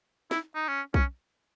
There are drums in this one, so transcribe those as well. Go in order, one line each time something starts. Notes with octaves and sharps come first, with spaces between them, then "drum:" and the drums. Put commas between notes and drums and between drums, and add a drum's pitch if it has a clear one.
E4, drum: snare
D#4
C#4
C#4, drum: kick B1